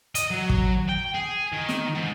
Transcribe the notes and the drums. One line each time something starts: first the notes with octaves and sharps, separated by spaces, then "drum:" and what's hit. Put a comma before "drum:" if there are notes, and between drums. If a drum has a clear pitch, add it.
D#5, drum: hi-hat
F#3
drum: kick
G5
G#4
D#3
drum: snare
G#2